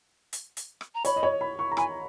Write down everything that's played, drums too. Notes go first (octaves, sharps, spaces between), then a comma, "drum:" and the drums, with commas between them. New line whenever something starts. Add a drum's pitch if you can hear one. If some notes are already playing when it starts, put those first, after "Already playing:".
drum: hi-hat
drum: hi-hat
drum: rim click
A#5
C#5 B5, drum: hi-hat
D#5
C#5
B5
C#6
A#5
G#5 B5, drum: rim click